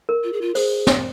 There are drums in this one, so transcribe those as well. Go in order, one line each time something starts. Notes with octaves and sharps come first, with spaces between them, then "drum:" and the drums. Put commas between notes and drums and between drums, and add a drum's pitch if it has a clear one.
A#4
F4
G#4
F4
G#4 C5, drum: open hi-hat
drum: snare